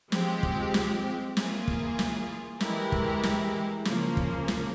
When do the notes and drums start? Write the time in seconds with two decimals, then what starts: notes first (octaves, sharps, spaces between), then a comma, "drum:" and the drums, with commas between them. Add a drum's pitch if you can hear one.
0.12 F3 G#3 C4 G4, drum: snare
0.43 drum: kick
0.74 drum: snare
1.37 E3 A#3 F4 G#4, drum: snare
1.68 drum: kick
1.99 drum: snare
2.60 E3 G#3 E4 G4 A#4, drum: snare
2.92 drum: kick
3.23 drum: snare
3.85 C#3 F3 A#3, drum: snare
4.17 drum: kick
4.48 drum: snare